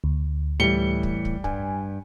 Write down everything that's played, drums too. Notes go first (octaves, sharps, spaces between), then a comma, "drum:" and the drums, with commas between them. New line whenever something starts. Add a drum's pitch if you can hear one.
D2
A2 E3 G3 C#7 G7
drum: kick
drum: kick
G2 G#5, drum: kick